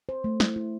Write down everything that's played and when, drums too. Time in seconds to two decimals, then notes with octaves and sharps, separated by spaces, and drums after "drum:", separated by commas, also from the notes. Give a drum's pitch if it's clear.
0.09 C5
0.24 A3
0.40 E4, drum: snare
0.56 E4